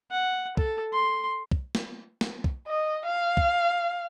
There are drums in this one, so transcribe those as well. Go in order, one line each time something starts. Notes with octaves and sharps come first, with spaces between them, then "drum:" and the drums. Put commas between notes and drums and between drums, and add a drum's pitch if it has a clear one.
F#5
A4, drum: kick
C6
drum: kick
drum: snare
drum: snare
drum: kick
D#5
F5
drum: kick